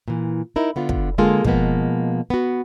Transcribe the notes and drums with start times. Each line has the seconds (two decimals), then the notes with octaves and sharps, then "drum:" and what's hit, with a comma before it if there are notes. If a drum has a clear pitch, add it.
0.08 A#2 E3
0.56 D#4 E4 A#4
0.76 D3 B3 F4
0.89 drum: kick
1.18 D3 G#3 A#3 F4 G#4 A4
1.45 B2 F3 G#3 A#3 B3, drum: kick
2.30 B3 F#4